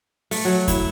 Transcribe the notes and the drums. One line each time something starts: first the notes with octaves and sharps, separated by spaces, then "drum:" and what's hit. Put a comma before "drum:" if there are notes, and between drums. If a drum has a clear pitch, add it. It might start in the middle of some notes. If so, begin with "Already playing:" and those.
A3, drum: open hi-hat
F#3
E4, drum: kick E2, hi-hat